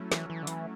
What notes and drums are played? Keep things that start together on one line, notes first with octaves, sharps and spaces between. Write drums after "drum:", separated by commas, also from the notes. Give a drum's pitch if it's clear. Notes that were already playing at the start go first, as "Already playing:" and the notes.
Already playing: F#3 A3 C#4 E4
E3, drum: snare
E3
D3
E3, drum: hi-hat